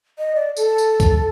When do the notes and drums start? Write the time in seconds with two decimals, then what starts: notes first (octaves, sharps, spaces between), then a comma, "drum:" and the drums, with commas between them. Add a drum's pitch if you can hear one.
0.19 D#5
0.35 D5
0.57 A4, drum: tambourine
0.78 drum: tambourine
1.00 drum: kick, tambourine